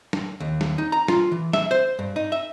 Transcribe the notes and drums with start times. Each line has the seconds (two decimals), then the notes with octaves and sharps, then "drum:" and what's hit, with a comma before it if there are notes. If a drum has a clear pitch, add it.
0.13 drum: snare
0.40 D#2
0.61 drum: snare
0.78 D#4
0.92 A#5
1.08 F4, drum: snare
1.32 E3
1.53 E5, drum: snare
1.71 C5
1.99 G2
2.16 D#4
2.32 E5